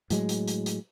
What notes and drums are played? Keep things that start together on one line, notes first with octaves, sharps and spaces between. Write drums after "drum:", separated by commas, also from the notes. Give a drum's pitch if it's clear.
A2 F#3 G#3, drum: hi-hat
drum: hi-hat
drum: hi-hat
drum: hi-hat